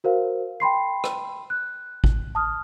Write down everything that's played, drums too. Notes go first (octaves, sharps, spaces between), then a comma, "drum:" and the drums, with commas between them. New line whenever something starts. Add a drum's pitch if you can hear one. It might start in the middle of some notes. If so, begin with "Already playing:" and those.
F#4 A#4 C5 F5
G5 B5 C6 C7
drum: rim click
F#6
drum: kick G#1
A5 D#6 F6